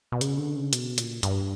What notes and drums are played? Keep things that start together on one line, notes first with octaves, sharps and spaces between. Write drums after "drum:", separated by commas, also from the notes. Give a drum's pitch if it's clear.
B2
C#3, drum: hi-hat
D3
C#3
B2, drum: hi-hat
A#2, drum: hi-hat
G2, drum: hi-hat